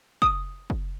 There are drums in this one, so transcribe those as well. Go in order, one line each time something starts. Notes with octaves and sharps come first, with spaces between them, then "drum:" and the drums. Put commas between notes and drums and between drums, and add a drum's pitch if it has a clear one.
D#6, drum: kick
drum: kick